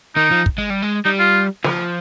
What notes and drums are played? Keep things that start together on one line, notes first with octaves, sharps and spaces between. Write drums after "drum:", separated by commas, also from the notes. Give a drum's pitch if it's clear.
D#3 D#4
F3
drum: kick
G#3
G3
G#3
G3 D#4
F4
F3, drum: snare